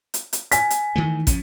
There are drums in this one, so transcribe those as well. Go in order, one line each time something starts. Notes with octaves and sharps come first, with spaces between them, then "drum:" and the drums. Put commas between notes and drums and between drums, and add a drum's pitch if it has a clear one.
drum: hi-hat
drum: hi-hat
G#5 B6, drum: hi-hat
drum: hi-hat
D#3 E3 A3
F3 C#4, drum: kick, hi-hat